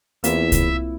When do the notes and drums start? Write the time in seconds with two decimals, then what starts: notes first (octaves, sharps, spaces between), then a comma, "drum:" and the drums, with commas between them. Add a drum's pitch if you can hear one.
0.24 E2 A#3 C4 E4 F4 E5, drum: hi-hat
0.52 drum: kick C2, hi-hat